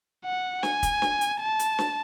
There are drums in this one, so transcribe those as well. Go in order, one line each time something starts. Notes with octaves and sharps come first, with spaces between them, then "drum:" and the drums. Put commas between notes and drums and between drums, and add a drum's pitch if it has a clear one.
F#5
G#5, drum: snare
drum: kick, hi-hat
drum: snare
drum: hi-hat
A5
drum: hi-hat
drum: snare